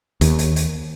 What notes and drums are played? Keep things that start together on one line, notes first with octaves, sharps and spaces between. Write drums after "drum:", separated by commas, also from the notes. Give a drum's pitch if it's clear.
D#2, drum: hi-hat
drum: hi-hat
drum: hi-hat